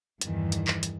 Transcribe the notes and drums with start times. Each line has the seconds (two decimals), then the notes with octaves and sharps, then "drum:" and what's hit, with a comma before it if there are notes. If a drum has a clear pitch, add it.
0.21 E2 G2 D#3 E3, drum: hi-hat
0.52 drum: hi-hat
0.67 drum: clap
0.83 drum: hi-hat